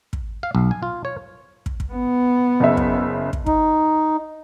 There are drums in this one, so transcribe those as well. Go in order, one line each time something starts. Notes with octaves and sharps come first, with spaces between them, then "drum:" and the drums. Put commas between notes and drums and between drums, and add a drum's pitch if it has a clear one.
drum: kick
F5
B1
G#5
F4
C#5
drum: kick
drum: kick
B3
F#1 C#3 E5
drum: kick
drum: kick
D#4, drum: kick